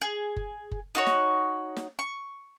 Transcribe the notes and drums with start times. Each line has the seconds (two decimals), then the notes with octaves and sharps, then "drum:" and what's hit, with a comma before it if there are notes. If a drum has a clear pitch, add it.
0.01 G#4
0.36 drum: kick F#1
0.71 drum: kick F#1
0.95 D#4 F#4 C#5
1.06 drum: snare
1.76 drum: snare
1.99 C#6